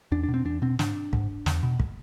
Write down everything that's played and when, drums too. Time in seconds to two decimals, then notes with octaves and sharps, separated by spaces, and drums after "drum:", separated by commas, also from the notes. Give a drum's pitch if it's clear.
0.12 E2 D4
0.23 D4
0.28 B2
0.34 C4
0.45 E2 D4
0.62 B2 C4
0.79 G#2 D4, drum: snare
1.13 G#2, drum: kick
1.46 E2, drum: snare
1.63 B2
1.80 drum: kick